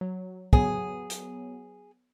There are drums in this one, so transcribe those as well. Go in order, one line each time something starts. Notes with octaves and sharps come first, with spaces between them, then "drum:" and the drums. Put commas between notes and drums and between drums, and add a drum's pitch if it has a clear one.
F#3
F#3 B3 G#4, drum: kick
drum: hi-hat